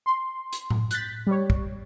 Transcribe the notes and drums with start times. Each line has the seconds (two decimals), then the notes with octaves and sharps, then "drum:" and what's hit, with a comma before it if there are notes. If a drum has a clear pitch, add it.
0.06 C6
0.53 drum: hi-hat
0.70 drum: tom A2
0.91 F#6 G6 A6 B6, drum: hi-hat
1.27 G3 C#5
1.50 drum: kick